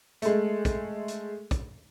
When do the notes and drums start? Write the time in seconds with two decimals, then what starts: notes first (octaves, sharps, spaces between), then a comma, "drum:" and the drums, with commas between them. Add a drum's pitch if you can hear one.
0.22 G#3 A3, drum: hi-hat
0.65 drum: kick, hi-hat
1.08 drum: hi-hat
1.51 drum: kick, hi-hat